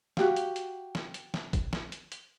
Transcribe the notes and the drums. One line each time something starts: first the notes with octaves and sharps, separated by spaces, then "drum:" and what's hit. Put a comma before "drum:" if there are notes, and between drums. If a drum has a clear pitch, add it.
F#4 G4 F5, drum: snare
drum: hi-hat
drum: hi-hat
drum: snare
drum: hi-hat
drum: snare
drum: kick, hi-hat
drum: snare
drum: hi-hat
drum: hi-hat